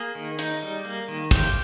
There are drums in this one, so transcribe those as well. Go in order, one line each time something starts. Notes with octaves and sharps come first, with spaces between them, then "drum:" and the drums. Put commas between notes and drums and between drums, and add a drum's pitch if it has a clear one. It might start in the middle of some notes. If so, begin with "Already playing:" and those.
Already playing: A#3 G#4
D#3
D#4, drum: hi-hat
G3
A#3
D#3
F4 G4, drum: kick, open hi-hat